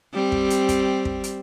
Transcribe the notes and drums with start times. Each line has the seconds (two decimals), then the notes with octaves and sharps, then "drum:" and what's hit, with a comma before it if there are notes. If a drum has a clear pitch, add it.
0.14 G3 C4
0.32 drum: kick
0.50 drum: hi-hat
0.69 drum: kick, hi-hat
1.05 drum: kick
1.24 drum: hi-hat